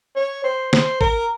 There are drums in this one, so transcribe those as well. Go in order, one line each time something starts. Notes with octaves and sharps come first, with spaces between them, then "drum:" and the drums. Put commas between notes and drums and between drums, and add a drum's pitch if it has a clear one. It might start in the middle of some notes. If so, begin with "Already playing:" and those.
C#5
C5
C5, drum: snare
A#4, drum: kick